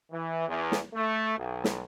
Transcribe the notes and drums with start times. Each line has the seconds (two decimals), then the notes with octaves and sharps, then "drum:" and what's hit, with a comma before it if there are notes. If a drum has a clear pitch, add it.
0.11 E3
0.49 E2
0.72 drum: snare
0.95 A3
1.38 B1
1.64 drum: snare